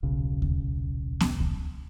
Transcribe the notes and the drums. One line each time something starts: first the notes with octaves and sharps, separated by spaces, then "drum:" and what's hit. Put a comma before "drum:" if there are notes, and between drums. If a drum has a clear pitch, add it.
D#1 B1 C#3
drum: kick D2
drum: snare B3
drum: kick D2